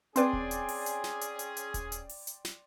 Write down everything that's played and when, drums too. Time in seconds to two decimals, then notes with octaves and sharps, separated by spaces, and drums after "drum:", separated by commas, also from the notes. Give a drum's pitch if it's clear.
0.16 C4 C#4 G#4 B4 D5 G5 C6, drum: hi-hat
0.33 drum: kick D#1
0.51 drum: hi-hat
0.69 drum: open hi-hat
0.86 drum: hi-hat
1.04 drum: snare
1.21 drum: hi-hat
1.39 drum: hi-hat
1.57 drum: hi-hat
1.74 drum: kick D#1, hi-hat
1.92 drum: hi-hat
2.09 drum: open hi-hat
2.27 drum: hi-hat
2.45 drum: snare